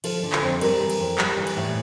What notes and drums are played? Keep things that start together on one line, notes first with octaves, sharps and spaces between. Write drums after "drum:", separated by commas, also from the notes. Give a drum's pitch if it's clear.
F3 A4, drum: cymbal
D3
drum: clap
F2
G3 A#4, drum: cymbal
E3
drum: cymbal
F2
G3, drum: clap
E3
drum: cymbal
A2